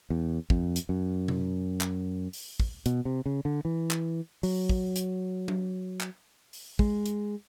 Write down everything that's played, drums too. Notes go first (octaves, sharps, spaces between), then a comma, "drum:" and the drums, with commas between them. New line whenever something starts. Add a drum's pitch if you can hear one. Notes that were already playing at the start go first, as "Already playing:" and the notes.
E2
F2, drum: kick
drum: hi-hat
F#2
drum: tom C3
drum: clap
drum: open hi-hat
drum: kick
B2, drum: hi-hat
C3
C#3
D3
E3
drum: clap
F#3, drum: open hi-hat
drum: kick
drum: hi-hat
drum: tom F#3
drum: clap
drum: open hi-hat
G#3, drum: kick
drum: hi-hat